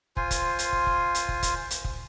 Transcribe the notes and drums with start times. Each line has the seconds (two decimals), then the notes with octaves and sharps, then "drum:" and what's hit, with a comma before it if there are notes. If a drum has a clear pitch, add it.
0.17 F4 C5 G#5, drum: kick
0.31 drum: kick, hi-hat
0.59 drum: hi-hat
0.73 drum: kick
0.87 drum: kick
1.15 drum: hi-hat
1.29 drum: kick
1.43 drum: kick, hi-hat
1.71 drum: hi-hat
1.84 drum: kick